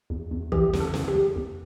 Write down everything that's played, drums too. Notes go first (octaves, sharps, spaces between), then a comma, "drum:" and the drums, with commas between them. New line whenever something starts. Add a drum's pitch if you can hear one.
E2
E2
E3 G4, drum: kick
E2, drum: snare
A4
E3, drum: snare
G4
E2
E2